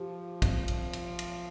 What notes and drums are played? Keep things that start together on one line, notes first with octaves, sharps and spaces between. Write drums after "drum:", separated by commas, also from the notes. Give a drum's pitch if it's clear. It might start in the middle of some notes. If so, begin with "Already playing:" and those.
Already playing: F3 G4
C4, drum: kick, cymbal
drum: cymbal
drum: cymbal
drum: cymbal